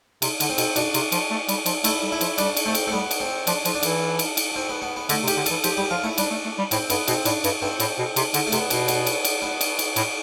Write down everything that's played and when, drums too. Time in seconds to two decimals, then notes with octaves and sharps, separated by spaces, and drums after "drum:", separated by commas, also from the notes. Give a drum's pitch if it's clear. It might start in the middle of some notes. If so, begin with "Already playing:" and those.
0.22 C3, drum: cymbal
0.40 D3, drum: cymbal
0.49 C4
0.58 B2, drum: cymbal
0.76 B2 D4, drum: cymbal
0.94 C3, drum: cymbal
1.12 F3, drum: cymbal
1.30 A3
1.49 G3, drum: cymbal
1.66 F3, drum: cymbal
1.84 A3 E4, drum: cymbal
2.03 G3
2.12 E4
2.21 F3, drum: cymbal
2.38 G3 D4, drum: cymbal
2.57 drum: cymbal
2.66 A3 C4
2.75 drum: cymbal
2.87 A3
2.92 G3 B3
3.11 drum: cymbal
3.20 C4
3.47 F3 D4, drum: cymbal
3.65 F3, drum: cymbal
3.74 D4
3.83 E3, drum: cymbal
4.19 drum: cymbal
4.37 drum: cymbal
4.56 C4
4.69 B3
4.82 B3
4.96 B3
5.09 D3 A3, drum: cymbal
5.23 C3
5.28 G4, drum: cymbal
5.36 D3
5.46 E3 A4, drum: cymbal
5.64 F3 G4, drum: cymbal
5.77 G3 G4
5.90 F3 F4
6.03 A3 E4
6.18 G3 D4, drum: cymbal
6.31 A3
6.45 A3
6.58 G3
6.71 A2 C4, drum: cymbal
6.90 G2 B3, drum: cymbal
7.08 B2 C4, drum: cymbal
7.25 A2 D4, drum: cymbal
7.44 G2, drum: cymbal
7.62 G2 C4
7.80 A2, drum: cymbal
7.98 B2
8.16 C3, drum: cymbal
8.34 D3, drum: cymbal
8.47 A3
8.52 C3 B3, drum: cymbal
8.70 B2 B3, drum: cymbal
8.88 B3, drum: cymbal
9.06 drum: cymbal
9.25 drum: cymbal
9.42 B3
9.61 drum: cymbal
9.79 drum: cymbal
9.96 A2, drum: cymbal